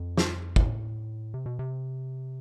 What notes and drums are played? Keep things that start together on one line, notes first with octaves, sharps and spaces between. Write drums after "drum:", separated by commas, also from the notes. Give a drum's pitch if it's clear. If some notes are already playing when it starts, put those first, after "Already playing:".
Already playing: F2
drum: snare
A2, drum: kick
C3
B2
C3